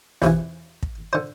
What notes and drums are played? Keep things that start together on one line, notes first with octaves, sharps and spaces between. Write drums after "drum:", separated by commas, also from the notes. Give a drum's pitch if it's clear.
E2 C3 E3, drum: snare
drum: kick
D3 C5